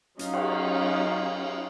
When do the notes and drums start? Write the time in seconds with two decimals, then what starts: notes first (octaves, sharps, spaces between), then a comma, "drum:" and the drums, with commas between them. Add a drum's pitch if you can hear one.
0.19 F#3 C#4 D#4 F4 F5, drum: hi-hat
0.34 drum: cymbal